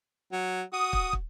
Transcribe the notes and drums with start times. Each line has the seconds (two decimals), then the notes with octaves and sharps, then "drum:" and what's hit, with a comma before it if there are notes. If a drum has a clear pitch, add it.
0.32 F#3
0.73 F#4 D#6
0.93 drum: kick
1.13 drum: kick